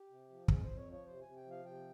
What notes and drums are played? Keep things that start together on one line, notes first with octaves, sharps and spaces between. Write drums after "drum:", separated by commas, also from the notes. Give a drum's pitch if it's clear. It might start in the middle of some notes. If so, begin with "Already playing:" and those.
Already playing: G4
C3
F3
F2 G#4, drum: kick
F2 C5
C#5
F3
C#5
C3 C5
C3 G#5
G5
F3
F5
C3 G5